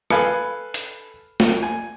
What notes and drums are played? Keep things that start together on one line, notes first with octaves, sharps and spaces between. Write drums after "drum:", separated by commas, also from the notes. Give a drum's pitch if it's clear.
A4 B4 F5 G#5 B5, drum: rim click
drum: hi-hat
drum: snare
G#5